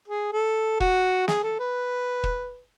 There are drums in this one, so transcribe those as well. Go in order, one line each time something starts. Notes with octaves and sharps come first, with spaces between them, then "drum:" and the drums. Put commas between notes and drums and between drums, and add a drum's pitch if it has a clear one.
G#4
A4
F#4, drum: kick
G#4, drum: snare
A4
B4
drum: kick